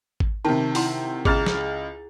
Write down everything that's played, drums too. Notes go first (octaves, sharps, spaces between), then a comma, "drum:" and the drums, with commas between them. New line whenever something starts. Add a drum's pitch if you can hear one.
drum: kick G#1
C3 D#3 A5
E4 F#5 C6, drum: open hi-hat
C#2 G#4 A#5 F6 A6, drum: kick G#1
drum: snare